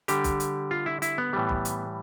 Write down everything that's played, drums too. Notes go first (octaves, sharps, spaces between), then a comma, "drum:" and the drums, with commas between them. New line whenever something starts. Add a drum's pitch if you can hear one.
D3 G3 G4, drum: hi-hat
drum: kick B1, hi-hat
drum: hi-hat
F4
E4
E4, drum: hi-hat
B3
A2 E3 G3
drum: kick B1
drum: hi-hat